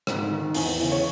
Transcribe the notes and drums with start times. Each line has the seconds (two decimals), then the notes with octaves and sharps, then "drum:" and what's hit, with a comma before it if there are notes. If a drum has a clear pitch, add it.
0.07 G#2, drum: rim click
0.31 D#3
0.54 E2, drum: open hi-hat
0.78 C#3 E3
0.92 C#5